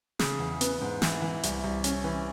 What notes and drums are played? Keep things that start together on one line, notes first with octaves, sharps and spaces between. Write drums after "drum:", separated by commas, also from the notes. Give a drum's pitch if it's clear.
C#3, drum: snare
E2
B3, drum: hi-hat
G#2
E3, drum: snare
E3
C2, drum: hi-hat
C2
C#4, drum: hi-hat
E3